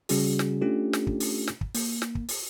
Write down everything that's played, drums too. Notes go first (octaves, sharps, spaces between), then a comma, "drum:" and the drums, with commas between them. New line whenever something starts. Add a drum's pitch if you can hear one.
C#3 G3 C#4 F#4 G#4, drum: open hi-hat
drum: snare
A3 C#4 D4 F4 G4 A4
drum: snare
drum: kick
drum: open hi-hat
drum: snare
drum: kick
A#3, drum: open hi-hat
drum: snare
drum: kick
drum: open hi-hat